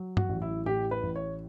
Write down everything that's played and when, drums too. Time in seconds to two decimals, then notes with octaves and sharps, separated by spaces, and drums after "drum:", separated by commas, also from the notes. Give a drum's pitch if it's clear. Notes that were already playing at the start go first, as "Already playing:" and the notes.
Already playing: F#3
0.17 F#4, drum: tom
0.29 A1
0.42 E4
0.66 A2 G4
0.91 B4
1.03 A1
1.16 C#5